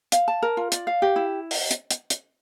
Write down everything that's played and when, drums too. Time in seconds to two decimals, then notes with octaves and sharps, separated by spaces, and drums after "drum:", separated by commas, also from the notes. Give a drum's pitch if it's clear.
0.12 F5, drum: hi-hat
0.28 A5
0.42 A#4
0.57 F4
0.72 D5, drum: hi-hat
0.87 F5
1.02 G4
1.16 E4
1.51 drum: open hi-hat
1.71 drum: hi-hat
1.90 drum: hi-hat
2.10 drum: hi-hat